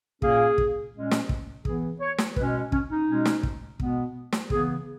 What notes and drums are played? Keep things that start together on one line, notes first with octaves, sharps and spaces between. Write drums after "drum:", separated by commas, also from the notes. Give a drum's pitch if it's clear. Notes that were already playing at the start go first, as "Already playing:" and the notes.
A#2 A#3 C#4 G#4, drum: kick
drum: kick
A#2 G#3 C#4
drum: snare
drum: kick
E3 B3 G#4, drum: kick
C#5
drum: snare
B2 G#3 C#4 B4, drum: kick
C#4, drum: kick
D#4
B2 G#3 C#4
drum: snare
drum: kick
B2 G#3 B3, drum: kick
drum: snare
C#3 E3 B3 G#4, drum: kick